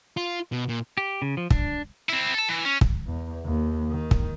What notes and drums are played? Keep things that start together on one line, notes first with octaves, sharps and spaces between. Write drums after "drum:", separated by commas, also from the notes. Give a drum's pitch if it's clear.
F4
B2
A#2
G4
C#3
F3
D4, drum: kick
C4 E4
A4 A5
E3
C#4
drum: kick
E2
D#2
D#3
drum: kick